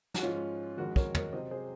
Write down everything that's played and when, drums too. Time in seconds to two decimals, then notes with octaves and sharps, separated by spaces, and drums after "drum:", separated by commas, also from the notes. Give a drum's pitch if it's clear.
0.14 F#4, drum: snare
0.22 G#2 F3 G#3 C#4 F4
0.77 F2 D#3 G#3 F#4 A#4
0.96 A#4 C#5, drum: kick
1.15 A#4 C#5, drum: tom
1.33 C3 F#3 C5 D#5
1.51 G#4 C5